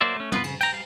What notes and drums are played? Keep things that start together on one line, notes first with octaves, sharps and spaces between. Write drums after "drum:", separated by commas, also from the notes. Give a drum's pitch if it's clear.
F#3 A#3 C5 D5 E5
A3 C#4
B3 F4 B4, drum: tom
C#3, drum: cymbal
G5 A#5, drum: cymbal
G3 F5